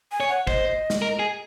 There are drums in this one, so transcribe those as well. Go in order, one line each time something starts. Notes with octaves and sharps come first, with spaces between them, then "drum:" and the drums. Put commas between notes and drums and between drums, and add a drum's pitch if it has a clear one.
G#5
C#5
F#5
C5 D#5, drum: kick
drum: snare
A#4
G#4